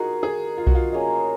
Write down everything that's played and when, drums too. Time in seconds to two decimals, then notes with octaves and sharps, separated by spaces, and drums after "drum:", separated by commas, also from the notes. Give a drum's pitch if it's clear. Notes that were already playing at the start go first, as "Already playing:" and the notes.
Already playing: D#4 F4 F#4 G#4 A#4
0.23 G#4
0.58 F4
0.67 F#4, drum: kick B1
0.75 F4
0.92 A#3 C#4 G#4 D#5